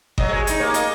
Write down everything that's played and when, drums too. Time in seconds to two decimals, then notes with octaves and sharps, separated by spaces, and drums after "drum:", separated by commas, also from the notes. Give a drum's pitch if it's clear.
0.18 F#3 D#5, drum: kick G1
0.29 G#3 C#5
0.47 D#4 D#5, drum: hi-hat
0.60 A#3 C#5
0.74 D#5, drum: hi-hat